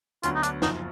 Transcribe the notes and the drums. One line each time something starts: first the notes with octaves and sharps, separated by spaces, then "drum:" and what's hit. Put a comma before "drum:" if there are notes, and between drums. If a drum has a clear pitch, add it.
D2 D3 F#3 B3 F4, drum: hi-hat
D#4
D4, drum: hi-hat
F#1 F#2 F3 D#4, drum: snare